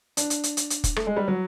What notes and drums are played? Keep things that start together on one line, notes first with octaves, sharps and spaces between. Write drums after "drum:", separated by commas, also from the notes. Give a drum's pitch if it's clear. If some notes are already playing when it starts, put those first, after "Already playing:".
D4, drum: hi-hat
drum: hi-hat
drum: hi-hat
drum: hi-hat
drum: hi-hat
drum: kick, hi-hat
A3, drum: rim click
G#3
G3
F#3